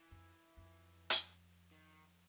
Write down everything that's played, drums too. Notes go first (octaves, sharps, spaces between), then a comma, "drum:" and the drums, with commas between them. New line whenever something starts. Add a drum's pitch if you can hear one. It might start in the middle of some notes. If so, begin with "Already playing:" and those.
Already playing: E3
F2
F2
drum: hi-hat
D#3